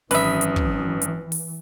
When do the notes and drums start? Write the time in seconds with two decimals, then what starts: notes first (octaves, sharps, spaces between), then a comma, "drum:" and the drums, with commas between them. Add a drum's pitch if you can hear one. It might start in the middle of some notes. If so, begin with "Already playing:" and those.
0.11 G#1 F#2 E3 B4 E5 D#6, drum: open hi-hat
0.41 drum: hi-hat
0.56 drum: kick
1.02 drum: hi-hat
1.32 drum: open hi-hat